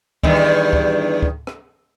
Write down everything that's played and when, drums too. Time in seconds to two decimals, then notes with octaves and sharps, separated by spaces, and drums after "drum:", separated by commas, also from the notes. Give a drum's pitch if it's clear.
0.23 E2 G2 D#3, drum: kick
0.73 drum: kick
1.23 drum: kick
1.47 drum: rim click